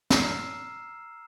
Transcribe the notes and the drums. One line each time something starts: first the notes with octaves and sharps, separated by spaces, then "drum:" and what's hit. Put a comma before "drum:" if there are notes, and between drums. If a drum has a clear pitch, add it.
A#5 E6 F6 C7 E7, drum: snare